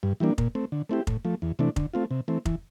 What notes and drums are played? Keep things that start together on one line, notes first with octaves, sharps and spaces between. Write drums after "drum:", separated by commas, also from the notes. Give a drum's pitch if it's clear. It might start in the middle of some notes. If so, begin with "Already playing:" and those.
G2
E3 G3 A#3 D4
A#2, drum: kick F1
A3 C4
D3
A3 C4 E4 G4
A2, drum: kick F1
F3 A3
E2
C3 E3 A3 D4
D3, drum: kick F1
A3 C4 F4
C3
E3 A3 C4
E3, drum: kick F1